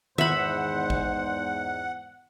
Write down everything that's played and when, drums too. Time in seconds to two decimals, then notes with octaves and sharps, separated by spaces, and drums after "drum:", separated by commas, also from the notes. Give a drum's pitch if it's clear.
0.18 E2 G#2 C5 E5 F#5 B5, drum: tom D#3
0.90 drum: kick